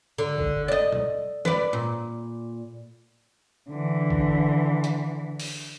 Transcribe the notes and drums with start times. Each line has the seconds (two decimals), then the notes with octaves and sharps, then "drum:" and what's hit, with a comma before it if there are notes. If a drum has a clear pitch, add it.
0.18 D3
0.38 drum: kick G1
0.68 D5 D#5
0.92 drum: tom B2
1.45 B4 D5, drum: snare
1.73 A#2
3.70 D3 E3
4.10 drum: kick G1
4.84 drum: hi-hat
5.40 drum: open hi-hat